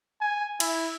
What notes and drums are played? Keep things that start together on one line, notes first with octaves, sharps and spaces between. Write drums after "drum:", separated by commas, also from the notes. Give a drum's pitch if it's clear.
G#5
E4, drum: cymbal